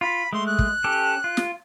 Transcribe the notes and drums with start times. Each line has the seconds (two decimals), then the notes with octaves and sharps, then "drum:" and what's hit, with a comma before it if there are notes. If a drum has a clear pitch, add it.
0.01 F4 B5
0.33 G#3 A3 C6
0.46 F#6
0.59 drum: kick
0.84 C#4 G4 A4
1.24 F4
1.37 drum: snare